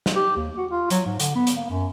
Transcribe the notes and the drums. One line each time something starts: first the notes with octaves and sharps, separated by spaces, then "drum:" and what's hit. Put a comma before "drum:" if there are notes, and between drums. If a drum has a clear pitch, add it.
drum: snare
G4
D#2
F#4
F4
F#3, drum: hi-hat
G#2
D3, drum: hi-hat
B3
drum: hi-hat
A#3
F#2